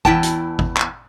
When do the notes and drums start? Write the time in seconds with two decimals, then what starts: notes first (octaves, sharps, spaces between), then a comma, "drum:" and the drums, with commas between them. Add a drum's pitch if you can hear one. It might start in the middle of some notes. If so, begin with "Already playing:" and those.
0.05 E2 E4 G5 A5, drum: kick G#1
0.23 drum: hi-hat
0.59 drum: kick G#1
0.77 drum: clap